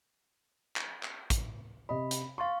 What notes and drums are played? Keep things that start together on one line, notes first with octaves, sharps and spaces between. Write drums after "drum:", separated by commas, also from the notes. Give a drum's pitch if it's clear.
drum: clap
drum: clap
drum: kick, hi-hat
C3 D#5 B5
drum: hi-hat
F5 C6 C#6 A6